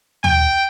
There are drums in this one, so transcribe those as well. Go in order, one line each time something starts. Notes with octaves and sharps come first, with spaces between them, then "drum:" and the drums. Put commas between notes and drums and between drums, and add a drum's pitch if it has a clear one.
G5, drum: tom